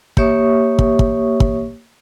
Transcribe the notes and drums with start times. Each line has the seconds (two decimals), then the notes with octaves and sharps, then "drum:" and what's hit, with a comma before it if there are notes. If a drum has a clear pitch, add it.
0.17 A#3 G4 C#5 E5 C#6 D#6, drum: kick
0.79 drum: kick
0.99 drum: kick
1.40 drum: kick